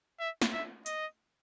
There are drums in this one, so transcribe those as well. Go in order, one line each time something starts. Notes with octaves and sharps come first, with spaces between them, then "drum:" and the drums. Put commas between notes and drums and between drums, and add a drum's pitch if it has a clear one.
E5
drum: snare
E5
D#5, drum: hi-hat